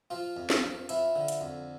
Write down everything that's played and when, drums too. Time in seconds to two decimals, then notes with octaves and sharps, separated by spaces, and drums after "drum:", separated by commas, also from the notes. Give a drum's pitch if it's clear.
0.10 F3 F4
0.37 F2
0.50 drum: snare
0.63 F3
0.89 F3 E4, drum: hi-hat
1.16 D3
1.28 drum: hi-hat
1.41 F2